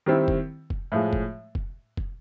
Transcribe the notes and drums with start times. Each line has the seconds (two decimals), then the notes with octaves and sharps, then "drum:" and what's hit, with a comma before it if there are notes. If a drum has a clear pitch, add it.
0.06 D#3 G3 C4 E4
0.28 drum: kick F1
0.70 drum: kick F1
0.92 A2 F3 G#3
1.13 drum: kick F1
1.55 drum: kick F1
1.97 drum: kick F1